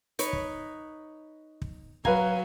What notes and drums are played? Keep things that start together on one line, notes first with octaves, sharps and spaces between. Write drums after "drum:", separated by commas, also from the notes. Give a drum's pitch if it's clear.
D#4 B4 C#5, drum: hi-hat
drum: kick
drum: kick
F#3 B4 F5 G#5 A#5, drum: kick